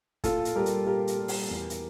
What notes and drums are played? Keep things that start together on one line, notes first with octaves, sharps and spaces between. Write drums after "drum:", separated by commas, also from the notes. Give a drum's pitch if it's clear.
A#2 F4 A4, drum: kick, hi-hat
drum: hi-hat
G3 G4 A#4
drum: hi-hat
A#2 G4 A#4
drum: hi-hat
G3
drum: open hi-hat
E2
drum: hi-hat